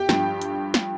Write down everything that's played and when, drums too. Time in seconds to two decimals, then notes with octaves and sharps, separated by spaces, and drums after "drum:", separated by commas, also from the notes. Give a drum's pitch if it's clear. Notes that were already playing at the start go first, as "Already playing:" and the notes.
Already playing: G4 G5
0.09 G2 F3, drum: snare
0.42 drum: hi-hat
0.74 drum: snare